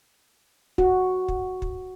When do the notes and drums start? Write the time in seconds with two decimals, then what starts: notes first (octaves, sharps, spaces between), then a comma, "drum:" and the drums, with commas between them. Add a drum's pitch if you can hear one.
0.78 F#4, drum: kick
1.28 drum: kick
1.62 drum: kick